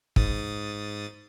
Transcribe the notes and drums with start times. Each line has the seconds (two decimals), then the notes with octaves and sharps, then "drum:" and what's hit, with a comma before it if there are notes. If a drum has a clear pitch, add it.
0.16 G#2 D#6 A6, drum: kick